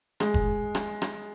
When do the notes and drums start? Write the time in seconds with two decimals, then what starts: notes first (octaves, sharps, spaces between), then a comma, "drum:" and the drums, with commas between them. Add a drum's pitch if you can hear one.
0.20 G#3, drum: rim click
0.34 drum: kick
0.75 drum: rim click
1.02 drum: rim click